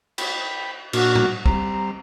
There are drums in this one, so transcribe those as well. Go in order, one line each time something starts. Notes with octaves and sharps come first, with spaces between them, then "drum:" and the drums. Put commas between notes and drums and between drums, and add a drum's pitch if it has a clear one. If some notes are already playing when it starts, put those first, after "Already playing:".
G5 B5, drum: cymbal
A#2 D4 F#4 F6, drum: cymbal
drum: tom A2
G3 C4 A#5, drum: kick